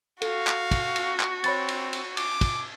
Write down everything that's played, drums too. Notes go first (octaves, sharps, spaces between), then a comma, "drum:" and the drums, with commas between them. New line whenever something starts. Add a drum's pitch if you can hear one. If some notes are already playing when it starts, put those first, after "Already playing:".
F#4 A4 F5, drum: cymbal
drum: clap
drum: kick, cymbal
drum: cymbal
drum: clap
C4 C#5 B5 A6, drum: cymbal
drum: cymbal
drum: cymbal
D6, drum: cymbal
drum: kick, cymbal